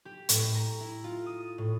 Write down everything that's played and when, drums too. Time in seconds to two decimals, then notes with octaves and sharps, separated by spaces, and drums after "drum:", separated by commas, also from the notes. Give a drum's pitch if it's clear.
0.05 G4
0.29 A2, drum: hi-hat
0.55 A#5
0.80 E4
1.04 F4
1.26 D#6
1.58 A2